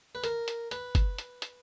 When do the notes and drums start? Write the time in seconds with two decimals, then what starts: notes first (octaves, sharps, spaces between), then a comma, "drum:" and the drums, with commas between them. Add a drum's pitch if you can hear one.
0.15 B4
0.24 A#4, drum: hi-hat
0.48 drum: hi-hat
0.71 B4, drum: hi-hat
0.95 drum: kick, hi-hat
1.18 drum: hi-hat
1.42 drum: hi-hat